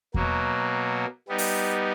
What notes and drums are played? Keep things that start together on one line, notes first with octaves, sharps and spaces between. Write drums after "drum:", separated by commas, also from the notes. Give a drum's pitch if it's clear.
B2 F#3 A#3, drum: kick E2
G3 B3 D#4
drum: open hi-hat